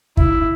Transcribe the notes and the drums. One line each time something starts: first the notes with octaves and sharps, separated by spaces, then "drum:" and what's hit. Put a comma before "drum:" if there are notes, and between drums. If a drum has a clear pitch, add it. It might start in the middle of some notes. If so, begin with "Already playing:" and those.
E4, drum: kick